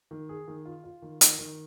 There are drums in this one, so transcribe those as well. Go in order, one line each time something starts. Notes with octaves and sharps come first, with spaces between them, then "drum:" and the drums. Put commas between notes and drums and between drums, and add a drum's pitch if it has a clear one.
D#3
G#4
D#3
F4
F4
D#3
D#3, drum: hi-hat
D#3